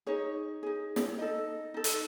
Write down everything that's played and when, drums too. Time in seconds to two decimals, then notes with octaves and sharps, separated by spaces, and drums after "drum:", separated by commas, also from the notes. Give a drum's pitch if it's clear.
0.07 D#4 G#4 C#5
0.63 D#4 G#4
0.96 drum: snare
1.19 D#4 A4 D#5
1.74 D#4 A4
1.84 drum: hi-hat